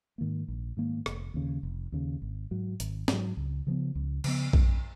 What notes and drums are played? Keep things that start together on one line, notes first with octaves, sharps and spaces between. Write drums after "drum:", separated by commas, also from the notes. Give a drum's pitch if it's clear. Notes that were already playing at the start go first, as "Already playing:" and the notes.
G#2 D#3 A#3
A#1
G#2 D#3 A#3
F1, drum: rim click
D#2 C#3
F1
D#2 C#3
G#1
G#2 F#3
G#1, drum: hi-hat
G#2 F#3, drum: snare
C#2
C#3 F3 B3
C#2
C#3 F3 B3, drum: cymbal
F#2, drum: kick A#1